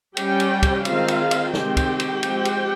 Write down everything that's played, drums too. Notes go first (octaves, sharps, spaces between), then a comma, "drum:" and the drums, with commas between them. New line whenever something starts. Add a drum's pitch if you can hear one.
G3 C#4 G4 G5, drum: cymbal
drum: cymbal
drum: kick, cymbal
D#3 G#3 C4 F4 F5, drum: cymbal
drum: cymbal
drum: cymbal
D#3 G#3 C4 G4 G5, drum: snare
drum: kick, cymbal
drum: cymbal
F3 G#3 C4, drum: cymbal
drum: cymbal